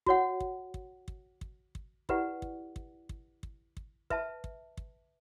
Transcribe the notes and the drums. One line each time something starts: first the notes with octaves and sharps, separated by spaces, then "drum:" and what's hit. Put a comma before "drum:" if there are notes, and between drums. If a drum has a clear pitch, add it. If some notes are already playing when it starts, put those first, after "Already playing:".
F#4 C#5 F#5, drum: kick
drum: kick
drum: kick
drum: kick
drum: kick
drum: kick
E4 G4 B4 D5 F#5, drum: kick
drum: kick
drum: kick
drum: kick
drum: kick
drum: kick
B4 E5 A5, drum: kick
drum: kick
drum: kick